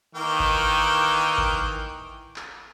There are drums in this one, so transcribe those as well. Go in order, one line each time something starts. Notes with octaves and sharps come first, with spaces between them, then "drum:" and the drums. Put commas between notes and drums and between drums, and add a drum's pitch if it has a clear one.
D#3 E3 A#3 G5
drum: kick G#1
drum: kick G#1
drum: clap